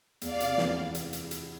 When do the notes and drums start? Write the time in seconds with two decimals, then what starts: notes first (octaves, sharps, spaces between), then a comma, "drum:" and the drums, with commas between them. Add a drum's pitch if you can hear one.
0.21 E2 D5 F5, drum: hi-hat
0.40 C3, drum: hi-hat
0.58 E3, drum: snare
0.95 drum: hi-hat
1.13 drum: hi-hat
1.31 drum: hi-hat